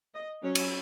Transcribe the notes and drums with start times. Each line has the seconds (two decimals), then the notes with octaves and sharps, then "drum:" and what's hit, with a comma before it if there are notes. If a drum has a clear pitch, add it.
0.15 D#5
0.43 F#3 C#4 C#5
0.55 drum: cymbal